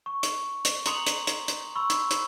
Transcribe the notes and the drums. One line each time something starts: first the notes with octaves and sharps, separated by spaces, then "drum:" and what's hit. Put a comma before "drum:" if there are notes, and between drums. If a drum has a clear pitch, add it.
C#6
drum: hi-hat
drum: hi-hat
A#5 C6 D#6 C#7 F7 F#7, drum: hi-hat
drum: hi-hat
drum: hi-hat
drum: hi-hat
B5 C#6 E6
drum: hi-hat
drum: hi-hat